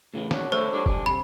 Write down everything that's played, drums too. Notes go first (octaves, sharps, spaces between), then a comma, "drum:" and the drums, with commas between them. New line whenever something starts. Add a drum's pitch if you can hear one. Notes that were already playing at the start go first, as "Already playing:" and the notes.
A2 C#3 E3
C#4 D4 F#4, drum: snare
A3 D4 A4 C5 C#5
G3 D4 A4 C#5
G3 D4 G#5, drum: kick F1
C3 B5